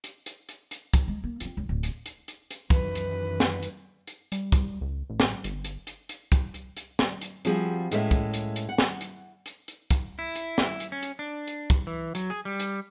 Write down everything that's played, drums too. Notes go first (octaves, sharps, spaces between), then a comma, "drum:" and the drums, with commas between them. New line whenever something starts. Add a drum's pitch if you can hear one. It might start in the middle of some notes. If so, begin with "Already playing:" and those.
drum: hi-hat
drum: hi-hat
drum: hi-hat
drum: hi-hat
drum: kick, hi-hat
G#3
A#3
C4 F4, drum: hi-hat
C#2
D1
drum: hi-hat
drum: hi-hat
drum: hi-hat
drum: hi-hat
F#2 D#3 E3 B4, drum: kick, hi-hat
drum: hi-hat
drum: snare
drum: hi-hat
drum: hi-hat
G3, drum: hi-hat
drum: kick, hi-hat
C#2
A1
drum: snare
G1, drum: hi-hat
drum: hi-hat
drum: hi-hat
drum: hi-hat
drum: kick, hi-hat
drum: hi-hat
drum: hi-hat
drum: snare
drum: hi-hat
F3 G3 C4 F4 F#4 G#4, drum: hi-hat
A2 G#3 A#3 C#4 G4 E5, drum: hi-hat
drum: kick, hi-hat
drum: hi-hat
drum: hi-hat
F#5
drum: snare
drum: hi-hat
drum: hi-hat
drum: hi-hat
drum: kick, hi-hat
E4
drum: hi-hat
drum: snare
drum: hi-hat
C#4
drum: hi-hat
D4
drum: hi-hat
drum: kick, hi-hat
E3
F#3, drum: hi-hat
G#4
G3
drum: hi-hat